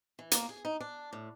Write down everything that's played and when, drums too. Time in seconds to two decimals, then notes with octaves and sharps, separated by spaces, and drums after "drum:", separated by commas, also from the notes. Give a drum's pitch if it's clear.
0.19 E3
0.31 A#3, drum: hi-hat
0.49 G#4
0.65 D#4
0.80 D4
1.13 A2